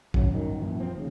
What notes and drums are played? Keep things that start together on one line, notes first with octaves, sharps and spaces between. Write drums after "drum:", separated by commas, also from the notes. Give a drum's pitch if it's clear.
E1 F#2 F#3, drum: kick
G1 F#2 A2 D#3
F#2 A#2 E3
F3 C4
D#2 C#3